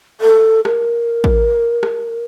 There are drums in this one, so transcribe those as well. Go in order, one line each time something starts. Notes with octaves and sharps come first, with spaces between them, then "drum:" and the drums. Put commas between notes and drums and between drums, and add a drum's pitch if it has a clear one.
A4
A#4, drum: rim click
drum: kick
drum: rim click